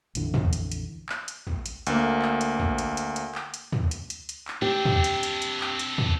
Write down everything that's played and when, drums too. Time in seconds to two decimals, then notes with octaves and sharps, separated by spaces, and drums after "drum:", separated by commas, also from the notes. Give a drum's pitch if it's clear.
0.15 A#1 F2 D3 E3, drum: hi-hat
0.34 drum: tom
0.53 drum: hi-hat
0.72 drum: hi-hat
1.09 drum: clap
1.28 drum: hi-hat
1.47 drum: tom
1.66 drum: hi-hat
1.87 D2 A#3, drum: hi-hat
2.22 drum: clap
2.41 drum: hi-hat
2.60 drum: tom
2.78 drum: hi-hat
2.97 drum: hi-hat
3.16 drum: hi-hat
3.35 drum: clap
3.54 drum: hi-hat
3.73 drum: tom
3.91 drum: hi-hat
4.10 drum: hi-hat
4.29 drum: hi-hat
4.48 drum: clap
4.62 C4 D4 G4
4.85 drum: tom
5.04 drum: hi-hat
5.23 drum: hi-hat
5.42 drum: hi-hat
5.61 drum: clap
5.79 drum: hi-hat
5.98 drum: tom